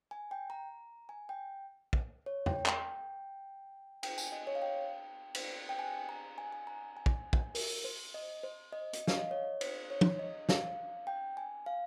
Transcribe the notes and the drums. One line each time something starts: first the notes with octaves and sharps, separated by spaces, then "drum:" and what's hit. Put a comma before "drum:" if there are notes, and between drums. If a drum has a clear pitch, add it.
G#5
G5
A#5
G#5
G5
drum: kick
C#5
G5, drum: tom
G5, drum: clap
G5, drum: cymbal
G#5, drum: tambourine
D#5
C#5
F5
G5
drum: cymbal
G5
G#5
A#5
G#5
G#5
A#5
G#5
drum: kick
drum: kick
A#4, drum: open hi-hat
C5
D#5
C5
D#5
drum: hi-hat
F5, drum: snare
D#5
C#5
C5, drum: cymbal
C#5
drum: tom
D#5
F5, drum: snare
G5
G#5
F5